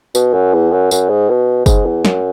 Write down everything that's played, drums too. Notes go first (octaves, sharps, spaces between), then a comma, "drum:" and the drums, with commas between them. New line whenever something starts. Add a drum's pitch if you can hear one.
B2, drum: tambourine
F#2
E2
F#2
F#2, drum: tambourine
G#2
B2
G#2, drum: kick F#1, tambourine
E2
F#2, drum: snare